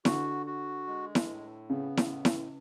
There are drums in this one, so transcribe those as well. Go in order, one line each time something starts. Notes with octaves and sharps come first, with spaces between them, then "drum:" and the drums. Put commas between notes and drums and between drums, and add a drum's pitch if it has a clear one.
D3 F#4, drum: snare E4
F#4
G#3
drum: snare E4
A2
C#3 B3
drum: snare E4
A2
drum: snare E4